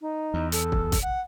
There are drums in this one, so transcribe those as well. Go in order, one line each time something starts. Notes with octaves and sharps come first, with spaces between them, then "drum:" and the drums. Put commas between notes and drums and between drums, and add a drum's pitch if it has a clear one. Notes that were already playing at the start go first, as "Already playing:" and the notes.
D#4
E2
A4, drum: hi-hat
drum: kick
drum: kick, hi-hat
F#5